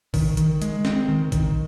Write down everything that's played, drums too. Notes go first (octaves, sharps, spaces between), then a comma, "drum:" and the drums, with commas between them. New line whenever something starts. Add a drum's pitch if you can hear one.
D#3, drum: kick A1, open hi-hat
D#3, drum: hi-hat
G#3, drum: hi-hat
C4, drum: snare
D#3
D#3, drum: kick A1, hi-hat